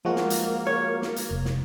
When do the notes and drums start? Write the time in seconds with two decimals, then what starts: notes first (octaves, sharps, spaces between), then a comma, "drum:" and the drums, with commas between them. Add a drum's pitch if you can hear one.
0.05 F3 G#3 A#3 F#4
0.16 drum: snare
0.30 drum: hi-hat
0.67 C#5
1.02 drum: snare
1.16 drum: hi-hat
1.31 F1
1.45 drum: snare